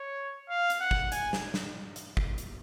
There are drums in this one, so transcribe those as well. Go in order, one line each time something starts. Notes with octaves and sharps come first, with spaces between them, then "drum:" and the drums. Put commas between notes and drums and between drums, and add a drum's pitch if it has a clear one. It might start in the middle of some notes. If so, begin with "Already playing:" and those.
Already playing: C#5
F5
drum: hi-hat
F#5
drum: kick
G#5, drum: hi-hat
drum: snare
drum: snare
drum: hi-hat
drum: kick
drum: hi-hat